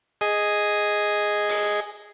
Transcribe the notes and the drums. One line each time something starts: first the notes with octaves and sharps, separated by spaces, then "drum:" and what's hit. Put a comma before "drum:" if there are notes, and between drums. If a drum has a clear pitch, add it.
G#4 D#5
drum: open hi-hat